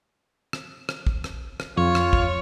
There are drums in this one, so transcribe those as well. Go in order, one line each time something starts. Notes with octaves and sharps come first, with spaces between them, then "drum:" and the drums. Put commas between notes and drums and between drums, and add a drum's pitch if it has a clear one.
drum: rim click
drum: rim click
drum: kick
drum: rim click
drum: rim click
F2 F4 C#5
drum: rim click
drum: kick